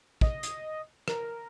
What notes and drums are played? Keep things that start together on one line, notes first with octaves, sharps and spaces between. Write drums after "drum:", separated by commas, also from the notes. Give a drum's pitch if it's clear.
D#5, drum: kick
drum: hi-hat
A#4, drum: rim click